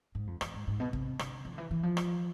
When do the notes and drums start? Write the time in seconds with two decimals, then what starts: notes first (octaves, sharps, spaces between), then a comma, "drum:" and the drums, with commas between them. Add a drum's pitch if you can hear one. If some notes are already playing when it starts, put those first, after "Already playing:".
0.15 G#2
0.27 F2
0.41 E2, drum: rim click
0.54 G#2
0.67 G#2
0.80 B2
0.93 C3, drum: kick
1.19 D3, drum: rim click
1.45 F3
1.53 D3
1.58 E3
1.71 E3
1.83 F3
1.97 drum: rim click